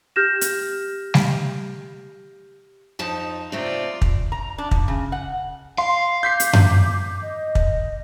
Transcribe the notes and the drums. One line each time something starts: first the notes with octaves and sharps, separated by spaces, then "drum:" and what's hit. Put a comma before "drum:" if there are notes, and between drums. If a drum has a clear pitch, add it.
G4 F6 G6 A#6 E7
drum: hi-hat
drum: snare G3
F2 F3 D#4 A5
C3 A3 C4 F4 D5
drum: kick
A#5
D4
F3, drum: kick
C#3
F#5
F5 C6
D6 G6 B6 C7
drum: hi-hat
drum: tom F#2
D#5
drum: kick